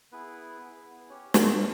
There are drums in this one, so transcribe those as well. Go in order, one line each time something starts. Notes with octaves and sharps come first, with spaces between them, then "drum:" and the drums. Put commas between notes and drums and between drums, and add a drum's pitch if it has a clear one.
B3 E4 G#4 B4
B3 E4 G#4
C#4 G4 C#5
C#5, drum: snare
C#4 C#5